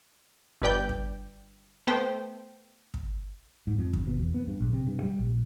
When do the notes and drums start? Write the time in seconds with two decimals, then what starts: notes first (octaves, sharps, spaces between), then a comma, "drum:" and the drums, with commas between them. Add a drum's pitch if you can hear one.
0.62 G1 G2 B4 D5 G5 G6
0.89 drum: kick
1.87 A3 B3 B4 C5 G5
2.94 drum: kick
3.67 G#2
3.78 F2
3.93 G1, drum: kick
4.07 B2
4.19 E2
4.34 B3
4.47 G2
4.60 A#1
4.73 C3
4.87 G2
5.03 G3
5.19 A#1